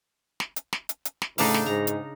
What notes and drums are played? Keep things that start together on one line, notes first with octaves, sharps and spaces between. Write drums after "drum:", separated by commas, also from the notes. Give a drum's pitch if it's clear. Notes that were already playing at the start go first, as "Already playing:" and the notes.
drum: snare
drum: hi-hat
drum: snare
drum: hi-hat
drum: hi-hat
drum: snare
A2 C#3 D4 D#4, drum: open hi-hat
drum: snare
G#2 A#5
drum: hi-hat